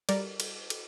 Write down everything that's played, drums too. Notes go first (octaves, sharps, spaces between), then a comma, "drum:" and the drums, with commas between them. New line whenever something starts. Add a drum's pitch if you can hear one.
G3 A#4 D5, drum: cymbal
drum: cymbal
drum: cymbal